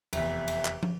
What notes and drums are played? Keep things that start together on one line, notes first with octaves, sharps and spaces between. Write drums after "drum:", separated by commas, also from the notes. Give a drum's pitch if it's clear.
F1 E2 E5, drum: cymbal
drum: cymbal
drum: clap
drum: tom